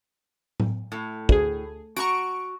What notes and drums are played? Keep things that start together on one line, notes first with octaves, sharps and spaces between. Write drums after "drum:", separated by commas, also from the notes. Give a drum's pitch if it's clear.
drum: tom A2
A2
D2 G#4, drum: kick
F#4 A#5 C#6 D7